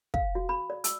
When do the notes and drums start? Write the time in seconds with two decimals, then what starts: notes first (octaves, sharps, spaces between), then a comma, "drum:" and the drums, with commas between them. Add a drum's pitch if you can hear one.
0.14 F5, drum: kick
0.35 F#4
0.49 B5
0.70 D5
0.84 E6, drum: hi-hat